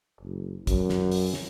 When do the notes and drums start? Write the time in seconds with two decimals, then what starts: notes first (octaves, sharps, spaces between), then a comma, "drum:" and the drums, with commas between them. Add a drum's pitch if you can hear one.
0.21 F#1
0.67 F#2, drum: kick, hi-hat
0.89 drum: snare
1.12 drum: open hi-hat
1.34 drum: snare